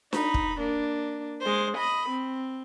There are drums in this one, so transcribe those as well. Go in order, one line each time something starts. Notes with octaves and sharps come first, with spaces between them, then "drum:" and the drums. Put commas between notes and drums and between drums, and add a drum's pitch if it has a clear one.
D#4 B5, drum: snare D4
drum: kick
A#3 D4
G#3 C5
D#5 B5
C4